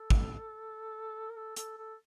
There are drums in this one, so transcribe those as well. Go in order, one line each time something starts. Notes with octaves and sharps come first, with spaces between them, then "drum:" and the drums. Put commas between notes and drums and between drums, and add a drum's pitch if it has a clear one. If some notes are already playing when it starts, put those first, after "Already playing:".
Already playing: A4
drum: kick
A#4
A4
A4, drum: hi-hat
A4